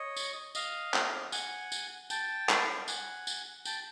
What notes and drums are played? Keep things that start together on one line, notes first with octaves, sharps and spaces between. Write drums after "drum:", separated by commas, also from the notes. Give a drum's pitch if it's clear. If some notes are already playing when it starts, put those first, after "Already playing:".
Already playing: C#5 D#5
drum: tambourine
D#5 F5, drum: tambourine
drum: clap
F#5 G#5, drum: tambourine
drum: tambourine
G5 A5, drum: tambourine
drum: clap
F#5 G#5, drum: tambourine
drum: tambourine
G5 A5, drum: tambourine